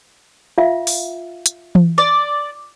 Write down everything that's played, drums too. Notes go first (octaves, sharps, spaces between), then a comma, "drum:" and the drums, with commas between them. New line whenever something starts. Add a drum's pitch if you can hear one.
F4 E5 F5
drum: open hi-hat
drum: hi-hat
drum: tom E3
D5